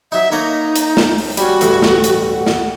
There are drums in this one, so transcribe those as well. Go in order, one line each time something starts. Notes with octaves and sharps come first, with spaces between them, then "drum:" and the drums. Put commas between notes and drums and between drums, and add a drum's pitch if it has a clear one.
F#3 D#4 E5
A#3 D#4 C#5 A#5
drum: hi-hat
drum: snare
drum: open hi-hat
G3 C#4 F#4, drum: hi-hat
A1 D2 G2, drum: hi-hat
drum: snare
drum: hi-hat
F#5
drum: snare